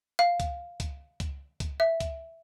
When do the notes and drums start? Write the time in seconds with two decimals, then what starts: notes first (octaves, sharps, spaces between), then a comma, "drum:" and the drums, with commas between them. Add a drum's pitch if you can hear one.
0.19 F5
0.40 drum: kick C#2, hi-hat
0.80 drum: kick C#2, hi-hat
1.20 drum: kick C#2, hi-hat
1.60 drum: kick C#2, hi-hat
1.80 E5
2.00 drum: kick C#2, hi-hat